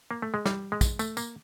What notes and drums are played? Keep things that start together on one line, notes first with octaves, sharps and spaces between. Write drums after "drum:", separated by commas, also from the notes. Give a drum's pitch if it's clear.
A#3
A3
G#3
G3, drum: snare
G#3
drum: kick, tambourine
A3, drum: tambourine
A#3, drum: tambourine